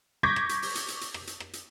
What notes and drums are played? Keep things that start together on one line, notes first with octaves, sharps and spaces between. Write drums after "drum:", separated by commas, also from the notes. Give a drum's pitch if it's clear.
C#6 D6 G6 G#6 A#6 B6
drum: rim click
drum: hi-hat
drum: open hi-hat
drum: hi-hat
drum: hi-hat
drum: hi-hat
drum: rim click
drum: hi-hat
drum: rim click
drum: hi-hat